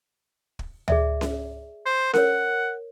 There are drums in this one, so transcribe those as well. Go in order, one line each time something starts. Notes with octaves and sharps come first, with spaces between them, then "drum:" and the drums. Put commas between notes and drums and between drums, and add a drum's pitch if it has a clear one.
drum: kick
G#4 D5 E5, drum: tom D2
drum: snare C#4
C5
A#4 C#5 F#5, drum: snare C#4